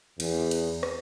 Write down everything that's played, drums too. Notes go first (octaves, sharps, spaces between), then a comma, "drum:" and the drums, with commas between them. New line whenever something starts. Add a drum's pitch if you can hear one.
E2, drum: cymbal
drum: cymbal
drum: rim click